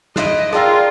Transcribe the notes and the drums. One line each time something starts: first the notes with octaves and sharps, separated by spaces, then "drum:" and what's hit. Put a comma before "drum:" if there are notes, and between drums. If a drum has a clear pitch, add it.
E4 D#5 E5 C6 F#6 D7, drum: snare
F4 G#4 A#4 D5 G5 A5 E6, drum: rim click